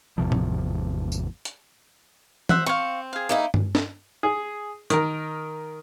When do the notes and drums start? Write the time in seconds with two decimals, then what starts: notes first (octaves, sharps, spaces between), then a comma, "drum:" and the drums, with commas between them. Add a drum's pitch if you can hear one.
0.18 G#1 E2 C3 F3
0.32 drum: tom A2
1.12 drum: tambourine
1.45 drum: hi-hat
2.49 C5 E5 F#5, drum: tom E3
2.66 C4 F5 C#6
3.13 G#4 F5
3.29 A#3 D#4 E4
3.54 drum: tom G2
3.75 drum: snare
4.23 G#4
4.90 D#3 A#4, drum: hi-hat